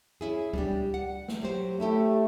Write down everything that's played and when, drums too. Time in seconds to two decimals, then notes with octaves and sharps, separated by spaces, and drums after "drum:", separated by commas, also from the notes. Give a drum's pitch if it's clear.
0.21 C#4 E4 G#4
0.54 G3 D4 G4, drum: kick C#2
0.94 F#5
1.28 drum: snare
1.42 F#3 G4 C5
1.80 A3 C#4 E4 G4